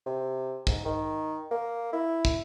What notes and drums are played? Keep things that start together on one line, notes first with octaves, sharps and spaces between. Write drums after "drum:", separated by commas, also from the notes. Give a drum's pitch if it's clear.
C3
G#2, drum: kick
D#3
A#3
E4
drum: kick